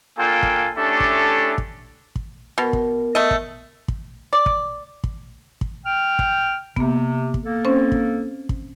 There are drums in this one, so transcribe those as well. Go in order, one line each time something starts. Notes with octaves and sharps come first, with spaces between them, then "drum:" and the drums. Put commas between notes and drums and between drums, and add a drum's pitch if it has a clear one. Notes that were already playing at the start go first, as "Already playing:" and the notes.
A#3 D4 F4 A4 G5 G#5
drum: kick
A3 C#4 D4 E4 G4 A4
drum: kick
drum: kick
drum: kick
B2 B3 A#4
drum: kick
A3 D#5
drum: kick
drum: kick
D5
drum: kick
drum: kick
drum: kick
G5 F6
drum: kick
C3 A#3 B3, drum: kick
drum: kick
A#3 A4
C4 C#4 C5
drum: kick
drum: kick